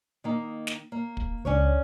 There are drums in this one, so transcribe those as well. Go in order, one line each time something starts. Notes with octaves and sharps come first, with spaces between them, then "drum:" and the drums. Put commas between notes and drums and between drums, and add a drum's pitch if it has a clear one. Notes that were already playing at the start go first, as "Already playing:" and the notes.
D#3 A#3 D#4
drum: snare
A#3
drum: kick
C#2 C#4 D4 C#5